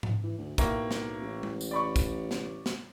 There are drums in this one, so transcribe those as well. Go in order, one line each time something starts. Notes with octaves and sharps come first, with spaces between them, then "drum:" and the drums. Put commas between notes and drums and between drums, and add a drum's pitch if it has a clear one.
drum: tom G#2
E3
D2
B1 A2 A#3, drum: kick, tambourine
drum: snare
A1
drum: tom G#3
drum: tambourine
D5 B5 C#6
drum: kick, tambourine
drum: snare
drum: snare